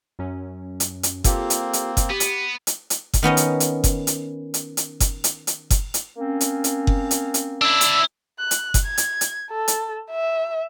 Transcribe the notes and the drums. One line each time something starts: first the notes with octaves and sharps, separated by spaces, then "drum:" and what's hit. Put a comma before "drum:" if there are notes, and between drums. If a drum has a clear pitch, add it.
F#2 F#3 C#4
drum: hi-hat
drum: hi-hat
A#3 C4 F4 G4 A4, drum: kick F#1, hi-hat
drum: hi-hat
drum: hi-hat
drum: kick F#1, hi-hat
B3 G4
drum: hi-hat
drum: hi-hat
drum: hi-hat
drum: kick F#1, hi-hat
D#3 B3 C#4 D#5
drum: hi-hat
drum: hi-hat
drum: kick F#1, hi-hat
drum: hi-hat
drum: hi-hat
drum: hi-hat
drum: kick F#1, hi-hat
drum: hi-hat
drum: hi-hat
drum: kick F#1, hi-hat
drum: hi-hat
A#3 C4 C#4
drum: hi-hat
drum: hi-hat
drum: kick F#1
drum: hi-hat
drum: hi-hat
D4 E4 E6
drum: hi-hat
F#6
drum: hi-hat
drum: kick F#1, hi-hat
G#6
drum: hi-hat
drum: hi-hat
A4
drum: hi-hat
E5